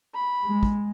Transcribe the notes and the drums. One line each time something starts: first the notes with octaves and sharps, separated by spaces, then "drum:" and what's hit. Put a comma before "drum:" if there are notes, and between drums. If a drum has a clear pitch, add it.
B5
G#3
drum: kick